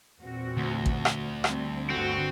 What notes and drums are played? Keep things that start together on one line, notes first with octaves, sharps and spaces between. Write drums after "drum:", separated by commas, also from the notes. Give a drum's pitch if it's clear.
E2 A#2 C4 F#4
D2
drum: kick
drum: rim click
G3 C4, drum: rim click
G1 D3 B3 C4 F#4